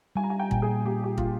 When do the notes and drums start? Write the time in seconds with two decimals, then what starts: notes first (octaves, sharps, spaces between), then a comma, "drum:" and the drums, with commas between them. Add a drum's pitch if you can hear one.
0.16 G3 G#5
0.24 A#5
0.30 G#5
0.39 G5
0.51 A#2, drum: kick
0.62 G#4
0.86 A#3 G4
1.04 G4
1.18 A#2 F4, drum: kick